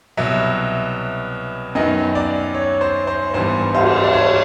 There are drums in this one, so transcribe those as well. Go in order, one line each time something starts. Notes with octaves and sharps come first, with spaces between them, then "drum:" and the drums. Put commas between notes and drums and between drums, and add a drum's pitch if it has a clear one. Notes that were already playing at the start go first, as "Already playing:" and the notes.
C2 B2 F#3 E5
F#2 D#3 F#3 B3 D#5
D5
C#5
C5
C5
G#1 G2 E3 G3 B3 C5
C5, drum: cymbal
D5
C#5